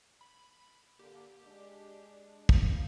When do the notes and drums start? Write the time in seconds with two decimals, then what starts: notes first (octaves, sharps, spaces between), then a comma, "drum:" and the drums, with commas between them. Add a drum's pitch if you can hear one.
0.21 B5
0.99 D3 A#3 G4
1.42 G#3 D4
2.49 F5, drum: kick